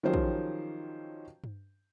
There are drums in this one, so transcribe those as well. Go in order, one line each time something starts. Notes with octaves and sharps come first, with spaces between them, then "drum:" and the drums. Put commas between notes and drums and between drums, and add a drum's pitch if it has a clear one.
D#3 F3 F#3 C#4 G4 C5
drum: kick
drum: tom G2